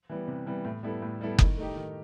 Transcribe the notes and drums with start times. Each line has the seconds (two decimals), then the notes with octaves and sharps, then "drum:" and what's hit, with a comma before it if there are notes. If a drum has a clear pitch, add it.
0.09 E3 G3 B3
0.28 C3
0.46 E3 G3 B3
0.65 A2
0.83 G3 B3 E4 A4
1.02 A2
1.21 G3 B3 E4 A4
1.39 D#3, drum: kick F#1
1.57 A3 D#4 G4
1.76 D#3